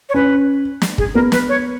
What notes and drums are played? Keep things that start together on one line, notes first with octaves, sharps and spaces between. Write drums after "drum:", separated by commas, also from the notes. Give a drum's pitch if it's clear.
C#5
C#4 B4
drum: snare
G#4, drum: kick
B3 A#4
B4, drum: snare
C#5